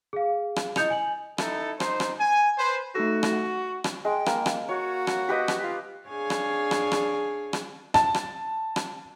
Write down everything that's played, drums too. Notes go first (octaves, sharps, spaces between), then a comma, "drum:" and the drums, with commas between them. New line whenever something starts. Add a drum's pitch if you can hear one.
G#4 F5
drum: rim click
E4 D#5 D#6 G6 C#7 F7, drum: rim click
G#5 F#7
D#4 E4 A4, drum: rim click
D#4 C5, drum: rim click
drum: rim click
G#5
B4 C5
A3 D#4 F#4 A4
drum: rim click
F#5
drum: rim click
G#3 G5
A#3, drum: rim click
drum: rim click
F#4 C#5
drum: rim click
G4 B4 D#5
drum: rim click
F4
D4 G#4 C#5 F5 G#5
drum: rim click
drum: rim click
drum: rim click
drum: rim click
A5, drum: rim click
drum: rim click
drum: rim click